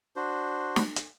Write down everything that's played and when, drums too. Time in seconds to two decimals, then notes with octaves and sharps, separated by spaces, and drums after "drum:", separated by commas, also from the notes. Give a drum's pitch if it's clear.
0.16 D4 F#4 C5
0.76 drum: snare
0.96 drum: hi-hat